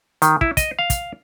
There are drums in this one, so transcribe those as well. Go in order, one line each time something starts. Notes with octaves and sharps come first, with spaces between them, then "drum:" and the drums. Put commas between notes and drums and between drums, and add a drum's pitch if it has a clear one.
D#3, drum: hi-hat
E4, drum: kick
D#5, drum: kick, hi-hat
F5
drum: kick, hi-hat